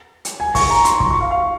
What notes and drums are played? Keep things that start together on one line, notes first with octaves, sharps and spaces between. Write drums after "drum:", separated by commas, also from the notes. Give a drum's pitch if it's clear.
drum: hi-hat
G#5
C#6, drum: kick, open hi-hat
A#5
C6, drum: hi-hat
C#6, drum: kick
C#6
F5
F5